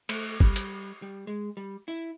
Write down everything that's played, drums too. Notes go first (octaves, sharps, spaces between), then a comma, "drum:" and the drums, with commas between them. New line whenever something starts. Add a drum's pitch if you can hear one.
A3, drum: cymbal
G3, drum: kick
drum: hi-hat
G3
G#3
G3
E4